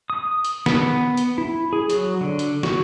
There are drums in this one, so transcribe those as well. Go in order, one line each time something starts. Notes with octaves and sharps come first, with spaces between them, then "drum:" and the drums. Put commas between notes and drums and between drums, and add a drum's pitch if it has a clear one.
D#6
drum: hi-hat
B3, drum: snare
drum: hi-hat
E4
G#4
F#3, drum: hi-hat
D3
drum: hi-hat
F#4, drum: snare